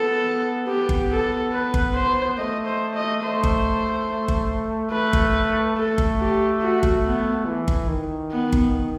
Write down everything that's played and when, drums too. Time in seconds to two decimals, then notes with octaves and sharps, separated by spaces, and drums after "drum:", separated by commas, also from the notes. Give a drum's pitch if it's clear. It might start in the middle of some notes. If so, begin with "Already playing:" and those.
Already playing: B3 A4
0.68 B3 G4
0.89 drum: kick G1
1.10 A4
1.53 B4
1.74 drum: kick G1
1.95 C5
2.37 A3 D#5
2.66 C5
2.94 D#5
3.22 A3 C5
3.44 drum: kick G1
4.28 drum: kick G1
4.91 A3 B4
5.13 drum: kick G1
5.76 A3 A4
5.98 drum: kick G1
6.20 G4
6.61 F#4
6.83 drum: kick G1
7.05 B3
7.46 E3
7.68 drum: kick G1
7.88 D#3
8.31 B3
8.53 drum: kick G1